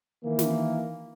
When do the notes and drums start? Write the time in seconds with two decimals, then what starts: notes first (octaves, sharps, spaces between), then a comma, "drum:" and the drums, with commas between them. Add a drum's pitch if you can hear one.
0.24 D#3 E3 A#3
0.39 drum: snare